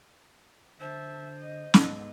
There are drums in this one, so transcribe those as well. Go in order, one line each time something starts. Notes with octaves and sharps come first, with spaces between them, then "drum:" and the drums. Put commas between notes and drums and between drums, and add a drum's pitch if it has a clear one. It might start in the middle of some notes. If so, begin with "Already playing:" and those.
D3 C5 E5 A5
D#5
G#2 B3 D#5, drum: snare